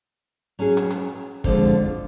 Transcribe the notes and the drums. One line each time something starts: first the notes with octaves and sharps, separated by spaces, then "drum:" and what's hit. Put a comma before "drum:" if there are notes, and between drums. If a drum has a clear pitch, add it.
F#3 C#4 G#4
drum: hi-hat
drum: hi-hat
F2 D3 F3 G#3, drum: kick